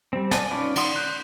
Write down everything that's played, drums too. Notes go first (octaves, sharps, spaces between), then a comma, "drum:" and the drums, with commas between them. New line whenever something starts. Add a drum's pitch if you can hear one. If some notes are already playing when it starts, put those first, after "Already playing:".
G3 C4
D5 D#5 G#5 A5, drum: snare
C#4 D#4 F4 B4 D5
D#3 D5 F#5 C6 D#6, drum: cymbal
F#6 G6